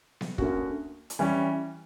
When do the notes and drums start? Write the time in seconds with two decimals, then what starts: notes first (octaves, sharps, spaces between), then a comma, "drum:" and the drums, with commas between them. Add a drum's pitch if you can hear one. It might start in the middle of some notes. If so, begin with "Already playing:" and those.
0.21 drum: snare B3
0.38 D2 D3 A#3 C#4 F#4, drum: kick
1.10 drum: hi-hat
1.19 E3 G3 C#4